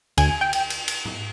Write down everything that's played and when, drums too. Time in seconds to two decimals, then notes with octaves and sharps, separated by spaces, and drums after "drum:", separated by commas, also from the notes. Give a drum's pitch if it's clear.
0.17 D2 G#5, drum: cymbal
0.41 G5
0.53 drum: cymbal
0.70 drum: cymbal
0.88 drum: cymbal
1.05 drum: tom G#2